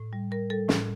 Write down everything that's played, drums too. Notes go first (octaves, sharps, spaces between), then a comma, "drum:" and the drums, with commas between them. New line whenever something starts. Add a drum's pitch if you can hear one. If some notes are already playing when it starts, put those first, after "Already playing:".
Already playing: A2
G3
G3 A#4
G3 A4
A2, drum: snare